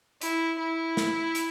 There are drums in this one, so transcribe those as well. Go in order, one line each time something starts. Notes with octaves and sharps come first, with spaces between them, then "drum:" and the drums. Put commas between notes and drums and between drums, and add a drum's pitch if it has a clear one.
E4, drum: hi-hat
E4
drum: snare
drum: hi-hat